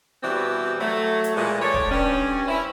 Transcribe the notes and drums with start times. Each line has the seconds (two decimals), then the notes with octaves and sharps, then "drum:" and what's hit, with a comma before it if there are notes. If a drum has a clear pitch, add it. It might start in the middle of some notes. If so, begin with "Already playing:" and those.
0.22 B2 E3 G3 C4 G4
0.79 F#3 A3
1.24 drum: hi-hat
1.36 A#2 E3 G#3
1.60 G3 A3 C#5
1.74 drum: kick
1.90 G2 G3 C#4
2.47 C4 C#4 E4